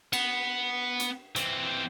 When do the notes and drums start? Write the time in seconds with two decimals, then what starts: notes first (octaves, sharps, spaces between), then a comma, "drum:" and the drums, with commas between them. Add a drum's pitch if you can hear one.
0.13 B3, drum: cymbal
1.00 drum: hi-hat
1.36 E3 C4, drum: hi-hat